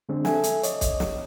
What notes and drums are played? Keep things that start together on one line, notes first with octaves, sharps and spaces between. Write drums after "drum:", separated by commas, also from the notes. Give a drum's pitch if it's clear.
D3 G#3 C4 D4
A4 E5 G#5, drum: snare
drum: hi-hat
C#5 D#5, drum: hi-hat
drum: kick, hi-hat
drum: snare